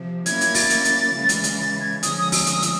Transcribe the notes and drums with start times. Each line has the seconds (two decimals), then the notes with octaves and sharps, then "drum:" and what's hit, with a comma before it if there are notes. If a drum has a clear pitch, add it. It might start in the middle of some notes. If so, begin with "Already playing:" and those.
Already playing: C3 F3
0.26 F#3 A#3 C#4 E4 G#6, drum: hi-hat
0.41 G#6, drum: hi-hat
0.55 A6, drum: open hi-hat
0.70 drum: hi-hat
0.85 drum: hi-hat
1.15 C#3 E3 G#3
1.29 drum: hi-hat
1.44 drum: hi-hat
1.59 A6
1.80 G#6
2.03 D3 F3 G#3 C#4 D#6, drum: hi-hat
2.18 D#6
2.32 E6, drum: open hi-hat
2.46 D#6, drum: hi-hat
2.62 E6, drum: hi-hat